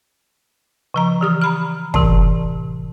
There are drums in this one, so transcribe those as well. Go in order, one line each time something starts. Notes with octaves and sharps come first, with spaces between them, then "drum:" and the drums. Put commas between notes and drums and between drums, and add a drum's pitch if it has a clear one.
C#3 F3 A#5
E3 G4 D#6
A#5 B5 F6
A2 C3 E3, drum: kick